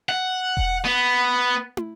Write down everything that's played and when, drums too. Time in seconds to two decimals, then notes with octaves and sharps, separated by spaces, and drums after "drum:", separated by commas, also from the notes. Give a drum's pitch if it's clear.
0.09 F#5
0.57 drum: kick E1
0.85 B3
1.77 drum: tom